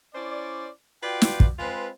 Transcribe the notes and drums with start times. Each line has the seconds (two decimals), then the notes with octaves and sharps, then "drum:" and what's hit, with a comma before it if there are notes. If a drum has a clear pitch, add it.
0.14 C#4 E4 C5 D5
1.02 F4 F#4 B4 D5 G5
1.22 drum: snare
1.40 drum: kick
1.59 G#3 C4 F4 B4